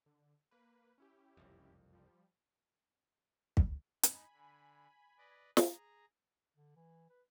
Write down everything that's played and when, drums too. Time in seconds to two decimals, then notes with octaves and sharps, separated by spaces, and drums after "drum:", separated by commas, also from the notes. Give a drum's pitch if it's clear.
0.06 D3
0.51 A#3 B4
0.98 C#4 E4 G4
1.37 F#1 C2 F2
1.93 F3 G3
3.57 drum: kick
4.03 D#4 G#5 B5, drum: hi-hat
4.33 D3
5.18 B4 D5 D#5
5.57 G#4 A#5, drum: snare
6.56 D3
6.76 E3
7.10 B4